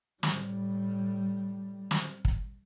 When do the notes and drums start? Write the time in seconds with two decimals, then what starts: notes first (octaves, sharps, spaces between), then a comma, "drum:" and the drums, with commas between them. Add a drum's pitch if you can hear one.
0.23 A2 G3, drum: snare
1.91 drum: snare
2.25 drum: kick